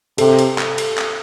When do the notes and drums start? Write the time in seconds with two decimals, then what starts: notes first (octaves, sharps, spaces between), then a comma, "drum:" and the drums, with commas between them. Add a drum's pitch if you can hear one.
0.18 C3 A4, drum: cymbal
0.39 drum: cymbal
0.58 drum: clap
0.78 drum: cymbal
0.98 drum: clap